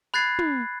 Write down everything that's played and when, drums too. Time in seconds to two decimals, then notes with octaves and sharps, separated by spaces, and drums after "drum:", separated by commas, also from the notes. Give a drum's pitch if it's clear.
0.14 B5 F#6 G#6 A6 C7
0.39 drum: tom